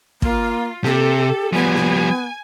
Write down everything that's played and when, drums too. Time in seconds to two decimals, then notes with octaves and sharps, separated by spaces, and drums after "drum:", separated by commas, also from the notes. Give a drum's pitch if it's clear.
0.22 A#3 F4, drum: kick
0.84 C3 G4 A4, drum: snare A#3
1.53 F3 G3 B3 G#5
1.75 drum: snare A#3